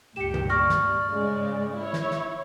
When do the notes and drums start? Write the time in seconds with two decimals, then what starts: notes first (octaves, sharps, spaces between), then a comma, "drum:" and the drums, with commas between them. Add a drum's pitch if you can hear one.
0.16 C#2 G2 A#2 G4 C#7 E7
0.34 drum: tom
0.49 D5 C#6 F6 A#6
0.69 drum: snare
1.09 G#2 C#3 G#3
1.75 E4 C#5
1.93 drum: snare
2.11 drum: snare